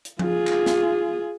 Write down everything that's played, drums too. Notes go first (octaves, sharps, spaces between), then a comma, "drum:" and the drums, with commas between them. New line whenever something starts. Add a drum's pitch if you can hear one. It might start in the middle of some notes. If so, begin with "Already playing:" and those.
drum: hi-hat
F4 G#4, drum: tom F3
drum: clap
drum: snare